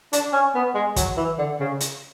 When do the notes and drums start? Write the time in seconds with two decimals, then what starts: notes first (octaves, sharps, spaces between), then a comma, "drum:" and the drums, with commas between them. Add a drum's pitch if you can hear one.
0.13 D4, drum: hi-hat
0.33 C#4
0.55 B3
0.75 G#3
0.96 F#3, drum: kick, hi-hat
1.17 E3
1.38 D3
1.60 C#3
1.80 drum: hi-hat